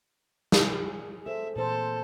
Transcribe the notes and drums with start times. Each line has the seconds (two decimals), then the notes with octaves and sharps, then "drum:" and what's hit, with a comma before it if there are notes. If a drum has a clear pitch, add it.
0.52 G#4, drum: snare
1.26 A4 C5 E5
1.56 A#2 E3 A4 C5